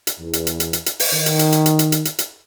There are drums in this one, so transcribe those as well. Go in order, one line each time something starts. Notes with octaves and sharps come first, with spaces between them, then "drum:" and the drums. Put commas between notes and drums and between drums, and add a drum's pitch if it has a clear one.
drum: hi-hat
E2
drum: hi-hat
drum: hi-hat
drum: hi-hat
drum: hi-hat
drum: hi-hat
drum: open hi-hat
D#3
drum: hi-hat
drum: hi-hat
drum: hi-hat
drum: hi-hat
drum: hi-hat
drum: hi-hat
drum: hi-hat
drum: hi-hat